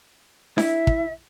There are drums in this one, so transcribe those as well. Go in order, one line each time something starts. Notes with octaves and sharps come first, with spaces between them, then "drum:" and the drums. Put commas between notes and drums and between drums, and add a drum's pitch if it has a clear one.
E4 E5, drum: snare D4
drum: kick